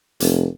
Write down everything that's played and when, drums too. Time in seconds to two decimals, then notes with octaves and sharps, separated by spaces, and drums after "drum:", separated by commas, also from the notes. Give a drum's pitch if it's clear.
0.20 F1, drum: hi-hat